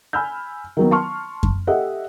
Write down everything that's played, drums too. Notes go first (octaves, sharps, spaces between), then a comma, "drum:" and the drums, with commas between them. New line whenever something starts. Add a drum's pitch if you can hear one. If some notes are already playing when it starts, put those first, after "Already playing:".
G#5 B5 E6 F6 G6
D#3 F#3 B3
A5 C6 C#6 F6
drum: kick F#2
G4 A4 D#5 E5 F#5